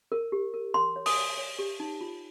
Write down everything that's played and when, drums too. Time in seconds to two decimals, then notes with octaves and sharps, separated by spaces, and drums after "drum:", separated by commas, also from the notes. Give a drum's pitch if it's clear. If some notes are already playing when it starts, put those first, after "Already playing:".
0.12 A#4
0.32 G4
0.54 A#4
0.74 A#4 C6
0.96 C#5
1.06 D#6, drum: open hi-hat
1.17 C#5
1.37 C#5
1.59 G4
1.80 D#4
2.01 F4